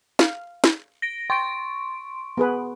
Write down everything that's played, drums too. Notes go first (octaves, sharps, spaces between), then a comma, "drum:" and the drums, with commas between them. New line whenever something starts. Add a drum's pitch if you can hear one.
F5, drum: snare
drum: snare
A#6 D7
G5 C6 C#6 D7
B3 G#4 B4